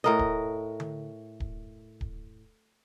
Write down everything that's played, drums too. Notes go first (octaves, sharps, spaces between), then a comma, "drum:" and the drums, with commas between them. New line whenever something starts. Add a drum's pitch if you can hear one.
A2 A#4 D#5
drum: kick D1
drum: tom D3
drum: kick D1
drum: kick D1